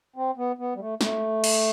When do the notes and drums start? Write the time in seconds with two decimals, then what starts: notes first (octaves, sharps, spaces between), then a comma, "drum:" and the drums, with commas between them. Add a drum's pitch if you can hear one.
0.16 C4
0.37 B3
0.59 B3
0.75 G3
0.80 A3
1.01 A3, drum: snare
1.44 drum: cymbal